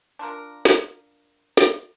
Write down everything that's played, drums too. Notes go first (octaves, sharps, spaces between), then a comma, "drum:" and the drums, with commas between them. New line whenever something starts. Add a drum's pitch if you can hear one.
D4 F4 A#4
drum: snare
drum: snare